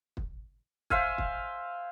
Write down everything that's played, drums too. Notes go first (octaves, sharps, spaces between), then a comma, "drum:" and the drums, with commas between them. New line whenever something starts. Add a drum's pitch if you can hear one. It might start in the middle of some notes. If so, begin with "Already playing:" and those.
drum: kick
C5 E5 F5 G#5, drum: kick
drum: kick